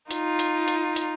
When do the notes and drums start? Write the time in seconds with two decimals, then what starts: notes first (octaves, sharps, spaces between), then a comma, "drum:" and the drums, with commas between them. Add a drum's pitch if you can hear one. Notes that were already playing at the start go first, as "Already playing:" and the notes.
0.11 D#4 F4, drum: hi-hat
0.39 drum: hi-hat
0.68 drum: hi-hat
0.96 drum: hi-hat